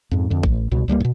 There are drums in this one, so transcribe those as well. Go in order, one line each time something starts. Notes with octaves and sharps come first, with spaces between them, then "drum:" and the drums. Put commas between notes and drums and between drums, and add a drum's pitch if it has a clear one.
F2 G#2
F2 D3
A1, drum: kick A#1
C2 B2
C#2 G3 G#3 A#3
G#2 B2